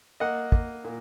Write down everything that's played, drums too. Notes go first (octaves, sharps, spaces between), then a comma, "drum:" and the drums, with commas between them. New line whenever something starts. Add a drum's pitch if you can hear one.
A#3 D#5 F#5
A#3, drum: kick
A#2